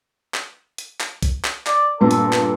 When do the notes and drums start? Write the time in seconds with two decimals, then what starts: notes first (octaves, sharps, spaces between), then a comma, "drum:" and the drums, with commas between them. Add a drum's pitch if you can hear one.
0.34 drum: clap
0.78 drum: hi-hat
1.00 drum: clap
1.22 drum: kick B1, hi-hat
1.45 drum: clap
1.67 D5, drum: clap
2.01 G2 A#2 B3 A4
2.11 drum: hi-hat
2.33 drum: clap